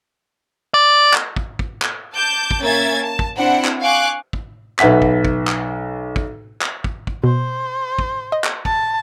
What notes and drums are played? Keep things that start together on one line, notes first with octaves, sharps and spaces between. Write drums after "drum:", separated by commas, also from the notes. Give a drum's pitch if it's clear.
D5
drum: clap
drum: kick
drum: kick
drum: clap
A5 D6 G6
drum: kick
A#3 C#4 E5 G#6 A6
A5
drum: kick
C4 D4 E4 F#5
drum: clap
F5 G#5 C#6 D6 F#6
drum: kick
B1 B4 E5 F#5 B6, drum: clap
drum: kick
drum: kick
drum: clap
drum: kick
drum: clap
drum: kick
drum: kick
B2 C5
drum: kick
D#5
drum: clap
A5, drum: kick